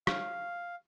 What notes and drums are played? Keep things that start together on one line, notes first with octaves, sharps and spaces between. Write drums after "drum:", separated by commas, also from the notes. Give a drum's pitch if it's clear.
F5, drum: rim click